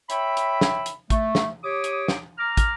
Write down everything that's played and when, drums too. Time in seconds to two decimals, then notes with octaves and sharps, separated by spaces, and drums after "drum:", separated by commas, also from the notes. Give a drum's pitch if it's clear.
0.10 C#5 E5 G5 B5, drum: hi-hat
0.37 drum: hi-hat
0.61 drum: snare
0.86 drum: hi-hat
1.10 A3, drum: kick, hi-hat
1.35 drum: snare
1.64 G4 C#5 D6 D#6
1.84 drum: hi-hat
2.08 drum: snare
2.38 A#5 D6 F6
2.57 drum: kick, hi-hat